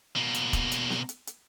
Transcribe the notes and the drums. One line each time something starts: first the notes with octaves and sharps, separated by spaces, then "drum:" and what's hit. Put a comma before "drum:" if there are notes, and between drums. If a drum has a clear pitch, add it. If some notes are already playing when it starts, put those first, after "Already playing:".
B2 A#3
drum: hi-hat
drum: kick, hi-hat
drum: hi-hat
drum: snare
drum: hi-hat
drum: hi-hat